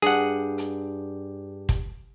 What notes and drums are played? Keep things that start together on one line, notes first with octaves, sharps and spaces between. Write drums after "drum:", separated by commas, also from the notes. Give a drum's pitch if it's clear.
G2 D4 G4 G#4 F#5, drum: hi-hat
drum: hi-hat
drum: kick, hi-hat